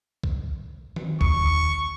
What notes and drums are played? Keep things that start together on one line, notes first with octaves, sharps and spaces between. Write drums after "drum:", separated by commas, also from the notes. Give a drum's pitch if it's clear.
drum: kick B1
drum: tom D#3
D#2 C#6, drum: kick B1